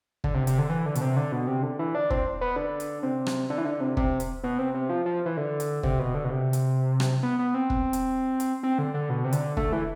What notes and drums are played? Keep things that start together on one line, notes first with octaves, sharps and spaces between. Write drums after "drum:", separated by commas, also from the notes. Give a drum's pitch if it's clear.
D3, drum: kick
C3
C3, drum: hi-hat
D3
E3
D3
B2, drum: hi-hat
C3
D3
B2
C3
D3
E3
D4
C4, drum: kick
B3
D3
drum: hi-hat
C3
drum: rim click
D3
E3
D3
C3
C3, drum: kick
drum: hi-hat
B2
C3
C3
F3
F3
E3
D3
drum: hi-hat
C3, drum: kick
B2
D3
B2
C3
drum: hi-hat
drum: rim click
B3
B3
C4
drum: kick
drum: hi-hat
drum: hi-hat
C4
D3
D3
B2
C3
D3, drum: hi-hat
A3, drum: kick
E3